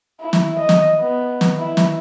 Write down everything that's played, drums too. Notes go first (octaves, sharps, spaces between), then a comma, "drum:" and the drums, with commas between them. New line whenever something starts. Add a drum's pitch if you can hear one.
E4
drum: snare
D#5
drum: snare
B3
drum: snare
E4
drum: snare